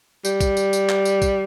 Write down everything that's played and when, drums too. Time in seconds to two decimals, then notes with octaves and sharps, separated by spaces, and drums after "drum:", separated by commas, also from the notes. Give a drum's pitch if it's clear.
0.25 G3, drum: tambourine
0.40 drum: kick, tambourine
0.57 drum: tambourine
0.73 drum: tambourine
0.89 drum: clap
1.05 drum: tambourine
1.22 drum: kick, tambourine